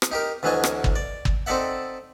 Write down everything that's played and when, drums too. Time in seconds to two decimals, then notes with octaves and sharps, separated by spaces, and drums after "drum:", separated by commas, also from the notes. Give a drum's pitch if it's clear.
0.02 drum: rim click
0.11 D#4 G4 A#4
0.43 D2 E3 F#3 D4 D#5 G#5
0.64 drum: rim click
0.84 drum: kick
0.96 D5
1.25 drum: kick
1.46 C4 D#4 A4 D5 E5 F#5